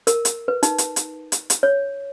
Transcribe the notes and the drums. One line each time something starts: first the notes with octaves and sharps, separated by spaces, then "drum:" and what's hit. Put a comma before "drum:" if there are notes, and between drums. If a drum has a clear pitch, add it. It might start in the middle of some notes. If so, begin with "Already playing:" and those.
A#4, drum: hi-hat
drum: hi-hat
B4
D#4, drum: hi-hat
drum: hi-hat
drum: hi-hat
drum: hi-hat
drum: hi-hat
C#5